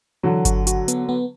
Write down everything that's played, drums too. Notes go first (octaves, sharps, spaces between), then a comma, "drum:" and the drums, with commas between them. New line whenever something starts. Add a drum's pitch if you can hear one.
D3 E3 F#3
F#4, drum: kick G1, hi-hat
F#4, drum: hi-hat
B3, drum: hi-hat
B3